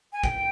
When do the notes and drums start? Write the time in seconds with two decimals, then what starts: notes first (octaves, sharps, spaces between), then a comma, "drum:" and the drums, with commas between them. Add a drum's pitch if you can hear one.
0.13 G#5
0.24 G5, drum: kick